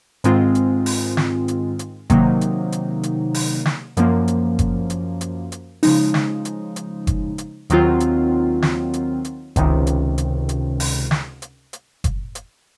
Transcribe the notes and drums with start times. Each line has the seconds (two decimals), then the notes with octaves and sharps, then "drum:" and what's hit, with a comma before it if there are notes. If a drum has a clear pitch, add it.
0.24 G#2 D#3 G#3 C4 F4, drum: hi-hat
0.55 drum: hi-hat
0.86 drum: open hi-hat
1.17 drum: snare
1.48 drum: hi-hat
1.79 drum: hi-hat
2.10 C3 D#3 F#3 A#3 D#4, drum: kick F#1, hi-hat
2.41 drum: hi-hat
2.72 drum: hi-hat
3.03 drum: hi-hat
3.34 drum: open hi-hat
3.66 drum: snare
3.97 F#2 F3 A#3, drum: hi-hat
4.28 drum: hi-hat
4.59 drum: kick F#1, hi-hat
4.90 drum: hi-hat
5.21 drum: hi-hat
5.52 drum: hi-hat
5.83 C#3 F3 G#3 D#4, drum: open hi-hat
6.14 drum: snare
6.45 drum: hi-hat
6.76 drum: hi-hat
7.07 drum: kick F#1, hi-hat
7.38 drum: hi-hat
7.70 D#2 D#3 F#3 C4 F4, drum: hi-hat
8.00 drum: hi-hat
8.62 drum: snare
8.93 drum: hi-hat
9.25 drum: hi-hat
9.56 C#2 C3 D#3, drum: kick F#1, hi-hat
9.87 drum: hi-hat
10.18 drum: hi-hat
10.49 drum: hi-hat
10.80 drum: open hi-hat
11.11 drum: snare
11.42 drum: hi-hat
11.73 drum: hi-hat
12.04 drum: kick F#1, hi-hat
12.35 drum: hi-hat